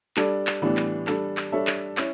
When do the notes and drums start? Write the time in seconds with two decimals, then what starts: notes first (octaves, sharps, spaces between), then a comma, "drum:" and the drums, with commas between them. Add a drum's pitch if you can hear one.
0.17 G3 D4 A4 D5, drum: clap
0.47 drum: clap
0.62 A2 E3 G3 B3 D4
0.77 drum: clap
1.07 G3 D4 A4, drum: clap
1.37 drum: clap
1.52 G3 D4 A4 C#5 E5
1.67 drum: clap
1.97 C#4 E4, drum: clap